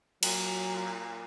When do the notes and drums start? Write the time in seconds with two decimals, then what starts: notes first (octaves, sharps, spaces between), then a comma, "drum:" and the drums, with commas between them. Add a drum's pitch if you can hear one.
0.23 A#2 F#3, drum: cymbal